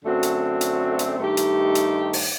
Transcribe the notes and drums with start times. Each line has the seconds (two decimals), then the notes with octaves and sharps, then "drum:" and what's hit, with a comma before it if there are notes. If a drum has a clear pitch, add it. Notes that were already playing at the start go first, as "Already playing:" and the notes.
0.04 F#2 D3 A3 C4 F#4
0.23 drum: hi-hat
0.61 drum: hi-hat
0.99 drum: hi-hat
1.18 G2 D#3 A3 D#4 G4
1.37 drum: hi-hat
1.75 drum: hi-hat
2.13 drum: open hi-hat